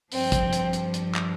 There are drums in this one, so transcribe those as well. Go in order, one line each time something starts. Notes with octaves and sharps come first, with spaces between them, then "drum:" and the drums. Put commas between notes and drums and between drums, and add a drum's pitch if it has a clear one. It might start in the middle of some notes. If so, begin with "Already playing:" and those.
G2 F3 C4, drum: open hi-hat
drum: kick, hi-hat
drum: hi-hat
drum: hi-hat
drum: hi-hat
drum: clap